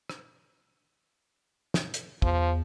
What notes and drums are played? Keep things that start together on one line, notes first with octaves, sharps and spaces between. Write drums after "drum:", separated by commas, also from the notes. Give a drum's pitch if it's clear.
drum: rim click
drum: snare
drum: hi-hat
E2 F3, drum: kick